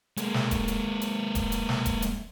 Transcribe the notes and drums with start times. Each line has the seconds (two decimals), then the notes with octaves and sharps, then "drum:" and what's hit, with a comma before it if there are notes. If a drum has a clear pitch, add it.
0.17 G#3 A#3, drum: hi-hat
0.34 drum: snare
0.51 drum: kick D#1, hi-hat
0.68 drum: hi-hat
1.01 drum: hi-hat
1.35 drum: kick D#1, hi-hat
1.52 drum: hi-hat
1.69 drum: snare
1.86 drum: kick D#1, hi-hat
2.02 drum: hi-hat